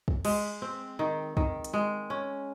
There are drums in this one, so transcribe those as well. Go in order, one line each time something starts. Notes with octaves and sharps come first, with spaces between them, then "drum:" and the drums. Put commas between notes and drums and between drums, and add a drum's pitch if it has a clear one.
drum: kick
G#3, drum: cymbal
C4
D#3
D#3, drum: kick
drum: hi-hat
G#3
C#4